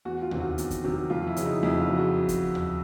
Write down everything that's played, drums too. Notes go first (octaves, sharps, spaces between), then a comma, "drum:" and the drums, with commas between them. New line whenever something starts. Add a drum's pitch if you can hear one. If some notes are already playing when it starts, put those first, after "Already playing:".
E2 F#4
F4
C3 D#3 F#3, drum: tom D#2
F#4
E2, drum: hi-hat
drum: kick F2, hi-hat
C3 D#3 F#3
F2 F4
E4
C#3 F#3, drum: hi-hat
D#4
F2 E4
F4
C#3 F#3
F#4
drum: kick F2, hi-hat
drum: tom D#2